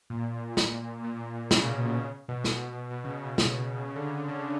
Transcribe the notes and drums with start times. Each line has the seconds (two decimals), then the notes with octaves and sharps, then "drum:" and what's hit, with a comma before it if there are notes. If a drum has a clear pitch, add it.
0.10 A#2
0.57 drum: snare
1.04 A#2
1.51 C#3, drum: snare
1.59 B2
1.66 A#2
1.74 B2
1.86 B2
1.98 C#3
2.28 B2
2.44 drum: snare
2.60 B2
2.91 B2
3.04 C#3
3.18 B2
3.38 drum: snare
3.85 C#3
3.96 D3
4.06 C#3
4.18 D3
4.28 C#3
4.40 D3